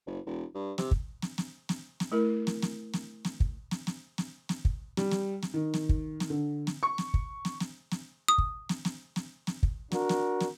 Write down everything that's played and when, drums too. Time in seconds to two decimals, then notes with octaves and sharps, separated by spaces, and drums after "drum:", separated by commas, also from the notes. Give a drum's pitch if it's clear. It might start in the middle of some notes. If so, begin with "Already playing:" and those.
0.06 F#1
0.26 E1
0.55 G2
0.78 C3, drum: snare
0.91 drum: kick
1.22 drum: snare
1.38 drum: snare
1.69 drum: snare
2.00 drum: snare
2.12 A3 E4 A#4
2.47 drum: snare
2.62 drum: snare
2.94 drum: snare
3.25 drum: snare
3.40 drum: kick
3.71 drum: snare
3.87 drum: snare
4.18 drum: snare
4.49 drum: snare
4.65 drum: kick
4.97 G3, drum: snare
5.11 drum: snare
5.43 drum: snare
5.54 D#3
5.74 drum: snare
5.89 drum: kick
6.20 drum: snare
6.30 D3
6.67 drum: snare
6.83 C#6
6.98 drum: snare
7.14 drum: kick
7.45 drum: snare
7.60 drum: snare
7.92 drum: snare
8.28 D#6
8.38 drum: kick
8.69 drum: snare
8.85 drum: snare
9.16 drum: snare
9.47 drum: snare
9.63 drum: kick
9.92 D4 F#4 A#4, drum: snare
10.09 drum: snare
10.41 drum: snare